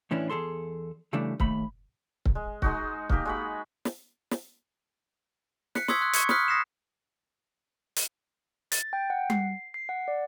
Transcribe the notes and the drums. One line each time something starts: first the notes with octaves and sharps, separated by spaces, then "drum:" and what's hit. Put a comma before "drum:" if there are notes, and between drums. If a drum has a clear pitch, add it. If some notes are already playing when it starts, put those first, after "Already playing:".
A2 E3 C#4 D4 E4
E2 C#3 G#4 A4 C6
C#3 E3 G3 A3 D4
D#2 A3 B5, drum: kick C#1
drum: kick C#1
G#3
G#3 D#4 F#4, drum: kick C#1
A#3 D#4 G4 A#4, drum: kick C#1
G#3 F#4 B5
drum: snare
drum: snare
F#6 B6 C#7, drum: snare
C6 C#6 D#6 E6 G#6 B6, drum: snare
C6 F#6 G#6
C#6 G#6 C#7, drum: hi-hat
B5 C6 D#6 F6 F#6 B6, drum: snare
D#6 A#6 C7 E7
drum: hi-hat
A6, drum: hi-hat
G5
F#5
C7, drum: tom G3
C7
F#5
D5